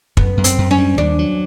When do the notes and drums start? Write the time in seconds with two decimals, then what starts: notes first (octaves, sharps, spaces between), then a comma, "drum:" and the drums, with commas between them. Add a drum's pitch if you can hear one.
0.17 F#2 B3, drum: kick
0.37 F#2
0.44 C4, drum: hi-hat
0.58 F#2
0.71 C#4
0.78 G3
0.98 D#2 D4
1.19 F#3